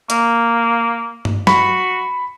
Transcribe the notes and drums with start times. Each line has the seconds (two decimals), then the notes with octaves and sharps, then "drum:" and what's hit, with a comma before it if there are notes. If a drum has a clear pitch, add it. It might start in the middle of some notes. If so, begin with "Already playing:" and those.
0.10 A#3, drum: hi-hat
1.25 drum: tom G2
1.47 F#4 B5, drum: snare